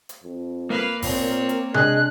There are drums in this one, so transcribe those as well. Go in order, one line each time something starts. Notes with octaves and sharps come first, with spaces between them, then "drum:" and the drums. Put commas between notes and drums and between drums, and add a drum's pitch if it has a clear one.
drum: hi-hat
F2
A#3 B4 F5
A#2 C4 C#5, drum: kick G#1, open hi-hat
drum: hi-hat
D4 G#4 D#5 G#5 F#6, drum: tom C3